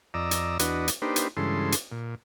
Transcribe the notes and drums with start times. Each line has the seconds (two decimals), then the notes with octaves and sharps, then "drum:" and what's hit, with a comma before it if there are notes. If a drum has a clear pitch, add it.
0.14 F2 D5 D#5 A#5 E6
0.31 drum: hi-hat
0.59 E2 D4 F#4 B4 D#5, drum: hi-hat
0.88 drum: hi-hat
1.02 A#3 D4 D#4 G4 B4 C5
1.16 drum: hi-hat
1.37 G2 C#3 E3 G#3 A4 C6
1.72 drum: hi-hat
1.92 A#2